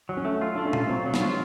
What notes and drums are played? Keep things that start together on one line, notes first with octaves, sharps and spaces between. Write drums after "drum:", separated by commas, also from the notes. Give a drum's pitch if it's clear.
F#3
C#4
A3
F4
A3 D4
C#4
F4, drum: tom B2
F#3 C4
F#3
B3, drum: snare
F4